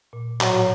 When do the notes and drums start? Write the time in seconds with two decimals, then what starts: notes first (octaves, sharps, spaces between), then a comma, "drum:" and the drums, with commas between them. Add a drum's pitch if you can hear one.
0.13 A#2
0.41 A2 F#3, drum: clap